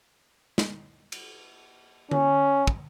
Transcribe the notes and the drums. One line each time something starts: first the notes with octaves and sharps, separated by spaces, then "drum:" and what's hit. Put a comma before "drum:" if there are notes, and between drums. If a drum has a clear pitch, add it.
drum: snare
drum: cymbal
C#4, drum: tom D3
drum: kick